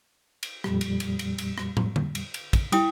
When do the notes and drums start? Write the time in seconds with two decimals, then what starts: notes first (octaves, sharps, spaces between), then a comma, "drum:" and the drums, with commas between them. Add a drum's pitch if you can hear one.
0.43 drum: cymbal
0.64 F2 A#2 G3, drum: rim click
0.81 drum: cymbal
1.00 drum: cymbal
1.19 drum: cymbal
1.38 drum: cymbal
1.58 drum: rim click
1.77 drum: tom
1.96 drum: tom D3
2.15 drum: cymbal
2.34 drum: cymbal
2.53 drum: kick, cymbal
2.72 G3 E4 G5 D#6, drum: cymbal